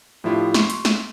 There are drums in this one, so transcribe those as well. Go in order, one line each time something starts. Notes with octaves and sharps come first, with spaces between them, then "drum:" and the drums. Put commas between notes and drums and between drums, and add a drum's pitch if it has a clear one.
A2 F3 D4 E4 F4 G4
C6 C#6, drum: snare
drum: hi-hat
drum: snare